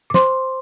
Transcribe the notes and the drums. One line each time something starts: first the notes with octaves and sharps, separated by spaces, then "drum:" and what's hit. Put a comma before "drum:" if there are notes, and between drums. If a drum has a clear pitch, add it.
D6
C5 C6, drum: snare